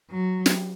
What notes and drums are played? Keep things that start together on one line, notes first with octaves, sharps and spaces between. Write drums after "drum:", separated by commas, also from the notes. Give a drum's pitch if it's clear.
F#3
drum: snare